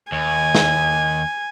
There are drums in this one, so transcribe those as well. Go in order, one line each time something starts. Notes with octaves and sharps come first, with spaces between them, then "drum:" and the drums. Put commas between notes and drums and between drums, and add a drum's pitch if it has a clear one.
D#2 G#5
drum: snare